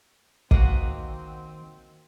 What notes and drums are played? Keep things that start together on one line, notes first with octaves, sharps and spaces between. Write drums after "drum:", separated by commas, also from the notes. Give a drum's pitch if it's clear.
D#3 A#3 C4 F#4 D#5 F#5, drum: kick